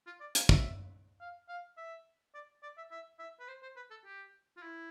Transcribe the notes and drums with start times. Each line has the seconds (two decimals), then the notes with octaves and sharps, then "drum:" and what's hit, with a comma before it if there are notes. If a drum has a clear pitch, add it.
0.06 F4
0.21 D5
0.35 F5, drum: hi-hat
0.49 E5, drum: kick
1.20 F5
1.48 F5
1.77 E5
2.34 D5
2.63 D5
2.77 E5
2.91 E5
3.19 E5
3.40 B4
3.48 C5
3.62 C5
3.76 B4
3.91 A4
4.05 G4
4.57 F4
4.62 E4